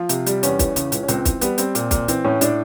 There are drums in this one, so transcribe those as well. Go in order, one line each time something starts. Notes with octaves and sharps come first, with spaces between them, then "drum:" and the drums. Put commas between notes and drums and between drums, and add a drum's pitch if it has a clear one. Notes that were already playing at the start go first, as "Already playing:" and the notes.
Already playing: F3 F4
C3, drum: hi-hat
G3, drum: hi-hat
E2 C#4, drum: hi-hat
E3, drum: kick, hi-hat
C#3, drum: hi-hat
C#2, drum: hi-hat
C#4
C#2 C4, drum: hi-hat
E3, drum: kick, hi-hat
G3 B3, drum: hi-hat
G3 C4, drum: hi-hat
A#2, drum: hi-hat
A#2, drum: kick, hi-hat
E3 C4, drum: hi-hat
A2 C#4
A2 D4, drum: hi-hat